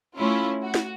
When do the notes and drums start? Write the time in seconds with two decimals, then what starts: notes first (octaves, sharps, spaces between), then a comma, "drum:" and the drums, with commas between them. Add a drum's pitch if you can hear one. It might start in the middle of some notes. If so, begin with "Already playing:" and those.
0.18 A3 C#4 E4 F4
0.63 F#4
0.74 drum: snare